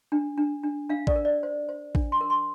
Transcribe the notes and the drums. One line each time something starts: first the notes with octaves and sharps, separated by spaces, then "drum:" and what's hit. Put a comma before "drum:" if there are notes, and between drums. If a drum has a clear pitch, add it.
D4
D4
D4
D4 F5
D5, drum: kick A1
A#4
D5
C5
C5
D4, drum: kick A1
C6
A#4
C6